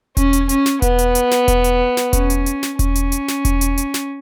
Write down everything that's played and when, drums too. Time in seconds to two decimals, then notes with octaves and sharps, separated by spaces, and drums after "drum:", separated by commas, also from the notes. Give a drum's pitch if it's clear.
0.17 C#4, drum: kick E1, hi-hat
0.33 drum: hi-hat
0.49 C#4, drum: hi-hat
0.66 drum: snare
0.82 B3, drum: kick E1, hi-hat
0.99 drum: hi-hat
1.15 drum: hi-hat
1.31 drum: snare
1.48 drum: kick E1, hi-hat
1.64 drum: hi-hat
1.97 drum: snare
2.13 C#4, drum: kick E1, hi-hat
2.30 drum: hi-hat
2.46 drum: hi-hat
2.63 drum: snare
2.79 C#4, drum: kick E1, hi-hat
2.95 drum: hi-hat
3.12 drum: hi-hat
3.28 drum: snare
3.45 drum: kick E1, hi-hat
3.61 drum: hi-hat
3.77 drum: hi-hat
3.94 drum: snare